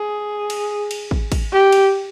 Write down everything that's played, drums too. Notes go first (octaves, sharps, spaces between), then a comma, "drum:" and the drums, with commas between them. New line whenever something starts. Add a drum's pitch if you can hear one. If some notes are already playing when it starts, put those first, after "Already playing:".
Already playing: G#4
drum: cymbal
drum: cymbal
drum: kick
drum: kick, cymbal
G4
drum: cymbal